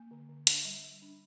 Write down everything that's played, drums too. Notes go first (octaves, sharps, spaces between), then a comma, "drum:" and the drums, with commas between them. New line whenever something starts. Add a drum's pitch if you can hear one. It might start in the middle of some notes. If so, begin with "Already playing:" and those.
Already playing: A#3
D3
D3
D4, drum: hi-hat
G3
G3
D4